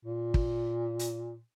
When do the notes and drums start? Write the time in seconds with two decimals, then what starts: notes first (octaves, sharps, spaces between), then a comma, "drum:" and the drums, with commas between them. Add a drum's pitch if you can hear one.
0.05 A#2
0.34 drum: kick
0.99 drum: hi-hat